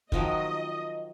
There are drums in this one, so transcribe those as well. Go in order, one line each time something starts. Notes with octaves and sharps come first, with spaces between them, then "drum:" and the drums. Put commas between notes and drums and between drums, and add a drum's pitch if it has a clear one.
D#3 F3 F#3 D#5, drum: kick